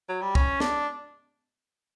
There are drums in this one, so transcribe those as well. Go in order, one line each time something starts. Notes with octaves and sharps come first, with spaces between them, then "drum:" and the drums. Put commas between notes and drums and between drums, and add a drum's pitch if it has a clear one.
F#3
G3
C#4, drum: kick C2
D4, drum: snare